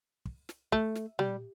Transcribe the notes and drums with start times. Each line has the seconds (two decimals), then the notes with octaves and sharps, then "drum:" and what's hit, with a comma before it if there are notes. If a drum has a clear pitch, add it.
0.25 drum: kick
0.49 drum: snare
0.72 A3, drum: kick
0.95 drum: snare
1.19 G3, drum: tom A#2